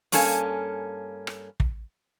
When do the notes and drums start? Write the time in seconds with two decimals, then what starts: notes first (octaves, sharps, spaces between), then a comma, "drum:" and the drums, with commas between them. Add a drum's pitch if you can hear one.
0.12 G2 A#3 C#4 A4 G#5, drum: open hi-hat
1.27 drum: rim click
1.60 drum: kick